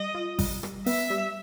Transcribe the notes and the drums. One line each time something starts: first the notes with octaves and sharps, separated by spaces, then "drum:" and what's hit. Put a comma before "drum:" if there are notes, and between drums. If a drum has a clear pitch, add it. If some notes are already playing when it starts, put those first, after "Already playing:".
Already playing: G3 D#5
F4
G3, drum: kick G#1, open hi-hat
G3, drum: rim click
B3 E5, drum: open hi-hat
G3